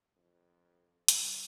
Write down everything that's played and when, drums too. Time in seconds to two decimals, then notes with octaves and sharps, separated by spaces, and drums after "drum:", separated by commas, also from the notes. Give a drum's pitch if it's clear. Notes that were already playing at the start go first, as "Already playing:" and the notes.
0.17 F2
1.08 D3 G3, drum: hi-hat